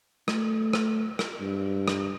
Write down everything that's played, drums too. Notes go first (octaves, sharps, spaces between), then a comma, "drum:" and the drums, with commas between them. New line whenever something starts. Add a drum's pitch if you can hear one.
A3, drum: rim click
drum: rim click
drum: rim click
G2
drum: rim click